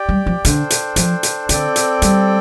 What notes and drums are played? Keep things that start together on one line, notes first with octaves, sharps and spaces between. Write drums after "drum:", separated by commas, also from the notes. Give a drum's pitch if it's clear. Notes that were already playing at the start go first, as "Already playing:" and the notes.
Already playing: G4 D5 G5
G3
F3
D3 D4 A4 C5 G5, drum: hi-hat
drum: hi-hat
F3, drum: hi-hat
drum: hi-hat
D3 C4 A4 D5 G5, drum: hi-hat
drum: hi-hat
G3, drum: hi-hat